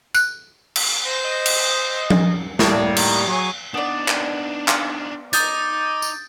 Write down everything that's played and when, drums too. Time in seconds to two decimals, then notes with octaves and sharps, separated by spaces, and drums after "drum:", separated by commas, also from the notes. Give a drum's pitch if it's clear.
0.15 F#6, drum: tambourine
0.76 drum: cymbal
1.05 C5 A#6
1.24 D#5
1.46 drum: cymbal
2.10 drum: tom F3
2.59 A2 G3 A#3 D4, drum: snare
2.97 D#3, drum: cymbal
3.27 F#3 G#4 C#5
3.74 B3 D4 D#4 D5
4.08 drum: clap
4.68 drum: clap
5.33 D#4 D6 D#6 G6 A6, drum: hi-hat
6.02 drum: tambourine